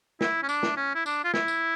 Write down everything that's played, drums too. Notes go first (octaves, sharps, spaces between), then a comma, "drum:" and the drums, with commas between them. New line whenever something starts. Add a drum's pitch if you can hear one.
E4, drum: snare
C#4
D4, drum: tambourine
drum: snare
C#4
E4
D4, drum: tambourine
F4
E4, drum: snare
drum: tambourine